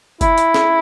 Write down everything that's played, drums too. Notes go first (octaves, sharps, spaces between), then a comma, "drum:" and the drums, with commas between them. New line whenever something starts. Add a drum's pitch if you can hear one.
E4, drum: kick, hi-hat
drum: hi-hat
drum: snare